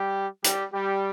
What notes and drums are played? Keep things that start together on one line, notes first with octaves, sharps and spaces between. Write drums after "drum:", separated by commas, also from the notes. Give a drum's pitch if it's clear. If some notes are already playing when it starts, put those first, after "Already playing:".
Already playing: G3 G4
G3 G4, drum: hi-hat
G3 G4